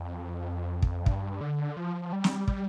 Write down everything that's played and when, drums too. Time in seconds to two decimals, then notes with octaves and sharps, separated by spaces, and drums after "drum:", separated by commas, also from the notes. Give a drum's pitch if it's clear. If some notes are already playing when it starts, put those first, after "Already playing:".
Already playing: F2
0.82 drum: kick
1.06 G2, drum: kick
1.41 D3
1.77 F3
2.13 G3
2.24 drum: snare
2.48 G3, drum: kick